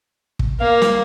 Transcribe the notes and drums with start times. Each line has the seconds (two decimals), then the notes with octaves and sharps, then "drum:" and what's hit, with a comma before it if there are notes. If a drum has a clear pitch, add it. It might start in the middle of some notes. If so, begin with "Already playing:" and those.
0.39 drum: kick
0.60 A#3 F5
0.82 drum: snare